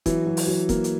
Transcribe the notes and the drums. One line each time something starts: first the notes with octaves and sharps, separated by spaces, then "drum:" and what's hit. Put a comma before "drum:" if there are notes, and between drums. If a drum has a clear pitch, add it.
E3 F#3, drum: kick F1, hi-hat
F#3
drum: open hi-hat
F#3
A#3, drum: kick F1, hi-hat
drum: hi-hat